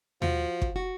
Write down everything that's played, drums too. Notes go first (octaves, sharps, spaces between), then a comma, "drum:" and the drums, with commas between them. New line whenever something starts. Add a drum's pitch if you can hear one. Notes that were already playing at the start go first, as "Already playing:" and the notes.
F3 F#4, drum: tom D#2
drum: kick
F#4